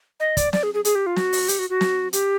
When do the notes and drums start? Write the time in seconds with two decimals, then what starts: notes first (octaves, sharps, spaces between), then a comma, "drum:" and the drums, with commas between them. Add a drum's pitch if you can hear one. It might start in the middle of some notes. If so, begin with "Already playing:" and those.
0.20 D#5
0.37 D5, drum: kick, hi-hat
0.53 D5, drum: snare
0.63 G#4
0.74 G#4
0.85 G#4, drum: hi-hat
0.95 G4
1.06 F4
1.16 F#4, drum: snare
1.33 drum: open hi-hat
1.48 G4, drum: hi-hat
1.59 F#4
1.70 F#4
1.81 drum: snare
2.13 G4, drum: hi-hat